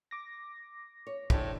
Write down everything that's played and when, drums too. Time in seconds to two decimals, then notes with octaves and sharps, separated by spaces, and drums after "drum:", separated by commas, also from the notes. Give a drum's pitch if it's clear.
0.11 D6 A#6
1.07 C#5
1.30 A2 E3 C4 D4, drum: kick